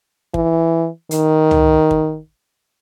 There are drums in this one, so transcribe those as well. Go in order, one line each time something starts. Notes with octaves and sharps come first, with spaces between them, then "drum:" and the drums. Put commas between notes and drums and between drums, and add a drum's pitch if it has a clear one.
E3, drum: kick
D#3, drum: hi-hat
drum: tom C#2
drum: kick